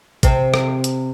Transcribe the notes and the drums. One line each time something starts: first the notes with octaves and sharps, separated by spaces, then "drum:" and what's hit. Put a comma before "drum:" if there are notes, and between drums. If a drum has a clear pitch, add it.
C3 C4, drum: kick A1, hi-hat
drum: rim click
drum: hi-hat